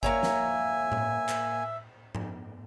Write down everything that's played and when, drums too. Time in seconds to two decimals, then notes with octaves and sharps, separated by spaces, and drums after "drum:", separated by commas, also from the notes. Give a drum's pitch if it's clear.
0.03 A#3 C#5 E5 G#5 A#5, drum: kick G1
0.23 drum: snare
0.92 drum: tom A2
1.29 drum: clap
2.15 drum: tom G#2